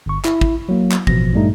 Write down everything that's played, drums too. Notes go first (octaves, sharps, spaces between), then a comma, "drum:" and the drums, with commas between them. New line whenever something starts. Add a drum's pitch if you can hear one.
G1 C#6
E4, drum: clap
drum: kick
F#3 A#3
drum: clap
A1 B2 F3 A#6, drum: kick
G2 A#2 G3 A3 D#4